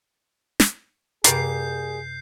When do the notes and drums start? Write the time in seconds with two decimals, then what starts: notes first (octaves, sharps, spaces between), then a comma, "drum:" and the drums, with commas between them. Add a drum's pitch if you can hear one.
0.60 drum: snare
1.24 F#2 C3 G3 A#3 G#4 G6 C7, drum: hi-hat